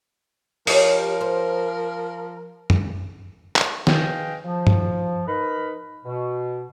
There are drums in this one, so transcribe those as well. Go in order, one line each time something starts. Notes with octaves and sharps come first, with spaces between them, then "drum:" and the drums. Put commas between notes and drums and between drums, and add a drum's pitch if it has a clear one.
F3 G4 A#4 C#5 D#5, drum: open hi-hat
C5
drum: tom F#2
drum: clap
G#4 B4 D#5 F5 G5, drum: snare
F3
drum: tom
D#4 A#4 B4 B5
B2